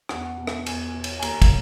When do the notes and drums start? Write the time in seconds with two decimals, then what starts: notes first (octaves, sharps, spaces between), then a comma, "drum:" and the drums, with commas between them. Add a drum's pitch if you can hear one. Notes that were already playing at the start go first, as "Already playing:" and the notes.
0.09 E2 F#5, drum: rim click
0.37 B2
0.47 drum: rim click
0.66 E2 G#5, drum: cymbal
0.94 B2
1.04 drum: cymbal
1.19 G#5
1.22 D#2 A#5, drum: cymbal
1.42 drum: kick, cymbal